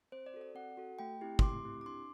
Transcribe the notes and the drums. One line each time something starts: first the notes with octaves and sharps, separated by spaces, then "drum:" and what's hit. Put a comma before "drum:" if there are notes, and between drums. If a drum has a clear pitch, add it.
C4 C5
D5
F#4 A4
D5
C4 F#5
F#4 A4
A3 G5
C4 E4 G4
C6, drum: kick
A3 D6
C4 E4 G4
D6
D4 C6